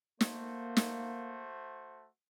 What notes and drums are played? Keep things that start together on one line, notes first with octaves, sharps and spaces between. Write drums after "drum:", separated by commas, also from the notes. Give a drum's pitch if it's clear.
A3 A#3 F#4 C5, drum: snare
drum: snare